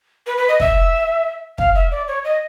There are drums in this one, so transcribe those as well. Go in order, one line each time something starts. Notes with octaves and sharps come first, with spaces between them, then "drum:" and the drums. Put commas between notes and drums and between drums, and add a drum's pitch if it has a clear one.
B4
B4
D#5
E5, drum: kick
F5, drum: kick
E5
D5
C#5
D#5